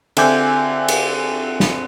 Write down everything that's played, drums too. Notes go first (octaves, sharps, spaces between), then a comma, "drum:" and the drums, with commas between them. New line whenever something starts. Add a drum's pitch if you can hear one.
D3 C4 E5 G#5 D6 G6, drum: cymbal
drum: cymbal
drum: snare